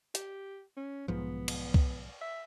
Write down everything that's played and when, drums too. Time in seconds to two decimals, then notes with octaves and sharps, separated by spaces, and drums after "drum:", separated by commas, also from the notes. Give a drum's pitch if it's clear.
0.15 G4, drum: hi-hat
0.77 C#4
1.08 B1 G#2 F3 B3
1.48 drum: cymbal
1.74 drum: kick C2
2.21 E5